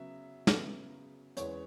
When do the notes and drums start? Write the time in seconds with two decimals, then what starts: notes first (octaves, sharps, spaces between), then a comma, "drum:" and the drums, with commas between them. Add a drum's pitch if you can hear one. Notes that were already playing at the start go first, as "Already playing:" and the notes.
Already playing: C#3 F#3 B3 E5
0.47 C#3 F#3 B3, drum: snare
1.37 E2 E3 G#3 C#4 C#5, drum: hi-hat